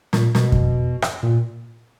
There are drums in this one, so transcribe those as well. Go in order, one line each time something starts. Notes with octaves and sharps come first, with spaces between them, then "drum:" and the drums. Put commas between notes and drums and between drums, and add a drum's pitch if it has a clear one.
A#2, drum: snare
B2, drum: snare
drum: kick F2
drum: rim click
A#2